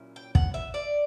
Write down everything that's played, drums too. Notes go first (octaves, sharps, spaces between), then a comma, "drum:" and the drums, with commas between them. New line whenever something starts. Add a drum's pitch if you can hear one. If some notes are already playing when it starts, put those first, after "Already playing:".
Already playing: A#2 F#3 C#4 E4
G5
F#5, drum: kick
E5
D5